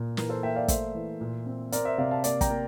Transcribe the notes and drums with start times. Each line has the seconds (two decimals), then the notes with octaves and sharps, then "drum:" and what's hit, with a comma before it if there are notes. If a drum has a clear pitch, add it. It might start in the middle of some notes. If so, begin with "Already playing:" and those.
Already playing: A#2
0.17 E3 A#4, drum: snare
0.29 A4 C5
0.43 A#3 E5 G5
0.56 D5 F5
0.68 A3 C5 E5, drum: kick, hi-hat
0.95 E3
1.21 A#2
1.46 C4
1.72 C4 A#4 D5, drum: hi-hat
1.85 C5 E5
1.98 C3 D5 F5
2.11 F5 A5
2.24 A#3 D5 F5, drum: hi-hat
2.41 G5 A#5, drum: kick, hi-hat
2.50 A#3